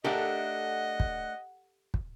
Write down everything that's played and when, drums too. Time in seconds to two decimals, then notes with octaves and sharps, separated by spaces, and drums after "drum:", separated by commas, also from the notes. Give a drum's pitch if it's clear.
0.04 A3 D4 G4 A4 A#4 D#5 F#5
1.00 drum: kick
1.94 drum: kick